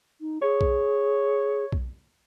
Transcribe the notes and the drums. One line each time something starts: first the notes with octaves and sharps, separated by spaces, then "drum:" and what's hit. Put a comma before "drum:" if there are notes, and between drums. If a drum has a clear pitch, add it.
D#4
G#4 C#5
drum: kick B1
drum: kick B1